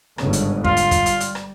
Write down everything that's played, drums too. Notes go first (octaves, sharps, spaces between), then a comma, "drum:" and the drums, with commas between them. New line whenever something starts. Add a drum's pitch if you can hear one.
G1 G#2 C#3, drum: rim click
drum: hi-hat
G3 F4, drum: kick
drum: hi-hat
drum: kick, hi-hat
drum: hi-hat
drum: hi-hat
drum: rim click